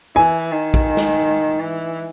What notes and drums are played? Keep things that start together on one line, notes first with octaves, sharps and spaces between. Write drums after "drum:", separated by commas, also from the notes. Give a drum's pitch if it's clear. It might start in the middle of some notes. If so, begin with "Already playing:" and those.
E3 G#5
D#3
drum: kick A#1
drum: snare
E3